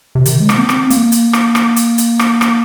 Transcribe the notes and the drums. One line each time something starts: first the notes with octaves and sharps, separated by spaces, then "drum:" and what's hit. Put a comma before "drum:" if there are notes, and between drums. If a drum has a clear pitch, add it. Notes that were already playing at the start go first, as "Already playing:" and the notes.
C3
D#3, drum: hi-hat
G#3
A#3, drum: rim click
C4
drum: rim click
A#3, drum: hi-hat
drum: hi-hat
drum: rim click
drum: rim click
drum: hi-hat
drum: hi-hat
drum: rim click
drum: rim click